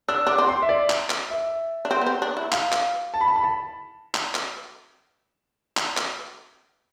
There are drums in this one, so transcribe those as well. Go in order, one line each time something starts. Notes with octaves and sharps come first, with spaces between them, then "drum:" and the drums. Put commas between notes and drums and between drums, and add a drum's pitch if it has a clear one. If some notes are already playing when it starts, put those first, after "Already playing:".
D4 E6
D4 D6
C4
C6
E5
D5
drum: clap
drum: clap
E5
D4
C4
B3
C4
D4
E4
F5, drum: clap
drum: clap
A5
B5
A5
B5
A5
drum: clap
drum: clap
drum: clap
drum: clap